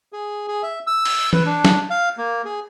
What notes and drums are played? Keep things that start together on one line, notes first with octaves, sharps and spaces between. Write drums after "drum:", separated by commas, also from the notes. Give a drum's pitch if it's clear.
G#4
G#4
E5
E6
drum: cymbal
B4, drum: tom E3
D4
drum: snare
F5
A#3
G#4